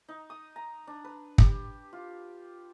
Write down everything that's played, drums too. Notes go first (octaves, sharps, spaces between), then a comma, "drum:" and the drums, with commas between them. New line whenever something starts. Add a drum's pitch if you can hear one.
D#4
D#6
A#5
D4
B4
G4, drum: kick
F4